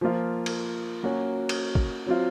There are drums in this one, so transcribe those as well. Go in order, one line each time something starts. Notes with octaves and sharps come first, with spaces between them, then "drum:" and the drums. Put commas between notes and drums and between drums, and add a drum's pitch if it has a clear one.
F3 A#3 F4
drum: cymbal
F#3 A#3 C#4 F#4
drum: cymbal
drum: kick
F#3 C4 F4